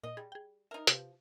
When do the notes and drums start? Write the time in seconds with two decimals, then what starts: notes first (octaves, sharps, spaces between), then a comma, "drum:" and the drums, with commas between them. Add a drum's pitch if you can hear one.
0.04 A#2 D#5
0.17 G3 G#4
0.32 G#4 G5
0.71 D#4 A#4 E5
0.87 C3 F3 G4 B4, drum: hi-hat